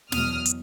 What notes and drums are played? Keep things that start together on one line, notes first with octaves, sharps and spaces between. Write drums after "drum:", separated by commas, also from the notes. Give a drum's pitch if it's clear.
E2 B2 F#3 D#6 F6, drum: snare
drum: hi-hat